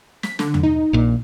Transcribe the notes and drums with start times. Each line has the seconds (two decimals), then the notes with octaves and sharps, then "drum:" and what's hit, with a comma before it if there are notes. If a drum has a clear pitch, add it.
0.23 B6, drum: snare
0.39 D3, drum: snare
0.54 drum: tom E2
0.63 D#4
0.93 A#1 A#2